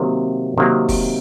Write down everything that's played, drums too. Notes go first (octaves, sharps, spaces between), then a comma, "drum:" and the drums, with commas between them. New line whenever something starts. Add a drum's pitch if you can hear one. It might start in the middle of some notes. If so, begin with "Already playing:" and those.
Already playing: C3 D#3 F#3 A#3
C3 D#3 F#3 A#3
drum: kick, open hi-hat